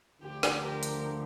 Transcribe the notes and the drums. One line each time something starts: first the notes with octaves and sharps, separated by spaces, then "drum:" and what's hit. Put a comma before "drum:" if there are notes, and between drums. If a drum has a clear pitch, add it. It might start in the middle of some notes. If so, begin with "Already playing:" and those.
D2 D3 F3 G4
drum: snare
G4 A#4
drum: hi-hat